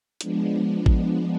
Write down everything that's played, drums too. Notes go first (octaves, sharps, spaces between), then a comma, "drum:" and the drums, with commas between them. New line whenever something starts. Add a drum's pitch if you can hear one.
F3 G#3 B3 D4, drum: hi-hat
drum: kick